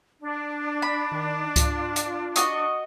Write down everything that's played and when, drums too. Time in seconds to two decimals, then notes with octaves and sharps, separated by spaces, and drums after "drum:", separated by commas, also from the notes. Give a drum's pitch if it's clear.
0.21 D4
0.82 B5
1.12 D#3
1.56 F4, drum: kick C#2, hi-hat
1.96 drum: hi-hat
2.36 F#4 D#5 C#6, drum: hi-hat